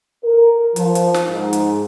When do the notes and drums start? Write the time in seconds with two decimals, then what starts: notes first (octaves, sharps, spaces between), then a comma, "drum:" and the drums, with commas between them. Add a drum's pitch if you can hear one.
0.25 A#4
0.76 F3, drum: hi-hat
0.95 drum: hi-hat
1.14 drum: snare
1.29 G#2
1.53 drum: hi-hat